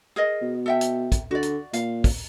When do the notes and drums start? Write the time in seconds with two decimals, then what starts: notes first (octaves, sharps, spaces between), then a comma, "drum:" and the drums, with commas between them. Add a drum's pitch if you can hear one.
0.16 G#4 A#4 D#5
0.42 B2
0.66 A4 E5 G5
0.81 drum: hi-hat
1.12 drum: kick, hi-hat
1.31 D3 F#4 D5
1.43 drum: hi-hat
1.73 A#2 F5, drum: hi-hat
2.04 drum: kick, open hi-hat